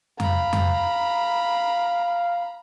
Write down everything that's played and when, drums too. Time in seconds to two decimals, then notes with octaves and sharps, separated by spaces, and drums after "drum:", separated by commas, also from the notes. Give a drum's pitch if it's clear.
0.20 F5 A#5 B5, drum: tom F2
0.53 drum: tom F2